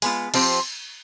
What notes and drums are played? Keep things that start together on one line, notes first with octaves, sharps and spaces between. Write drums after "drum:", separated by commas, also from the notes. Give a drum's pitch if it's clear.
G#3 B3 F4, drum: open hi-hat
F3 C4 G4 C5, drum: cymbal